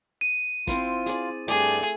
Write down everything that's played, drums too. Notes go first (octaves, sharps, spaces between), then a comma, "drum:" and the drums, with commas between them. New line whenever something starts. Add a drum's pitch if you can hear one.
D#7
C4 E4 F4 C5, drum: kick, hi-hat
G#4 D5, drum: hi-hat
G2 A3 G4 G#4 D5, drum: hi-hat